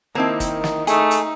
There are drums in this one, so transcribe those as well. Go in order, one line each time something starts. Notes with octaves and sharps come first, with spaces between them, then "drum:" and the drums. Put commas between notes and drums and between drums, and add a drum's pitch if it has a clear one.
D#3 A#3 C4 E4
drum: kick, hi-hat
drum: snare
A3 D#4 G#4, drum: hi-hat
drum: hi-hat